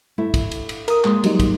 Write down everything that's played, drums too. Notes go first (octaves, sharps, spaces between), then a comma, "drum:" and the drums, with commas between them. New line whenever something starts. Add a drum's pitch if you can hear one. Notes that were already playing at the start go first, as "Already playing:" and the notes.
A3 E4
drum: kick, cymbal
drum: cymbal
drum: cymbal
A#4 D#6, drum: cymbal
A#2 G#3, drum: clap
F#3 G3 D#4, drum: cymbal
drum: kick, cymbal